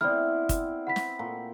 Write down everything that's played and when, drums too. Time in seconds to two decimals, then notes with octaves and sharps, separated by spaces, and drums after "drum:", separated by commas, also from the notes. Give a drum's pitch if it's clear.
0.01 B3 C4 E4 D5 F6
0.49 drum: kick, hi-hat
0.87 F#5 B5 B6
0.96 drum: snare
1.19 A#2